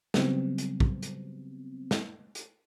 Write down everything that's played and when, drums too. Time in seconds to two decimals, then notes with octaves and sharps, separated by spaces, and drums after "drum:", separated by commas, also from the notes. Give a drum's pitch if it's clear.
0.14 C#3 F#3 G3 B3 C4, drum: snare
0.58 drum: hi-hat
0.80 drum: kick
1.03 drum: hi-hat
1.91 drum: snare
2.35 drum: hi-hat